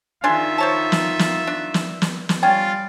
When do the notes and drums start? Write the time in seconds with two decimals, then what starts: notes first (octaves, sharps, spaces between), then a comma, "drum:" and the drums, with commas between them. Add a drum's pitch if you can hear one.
0.24 D#3 D4 F4 G#4 E5 C6
0.58 C5 C#5 A5
0.92 drum: snare
1.19 drum: snare
1.47 D4
1.74 drum: snare
2.02 drum: snare
2.29 drum: snare
2.43 G3 C#4 F4 D5 G5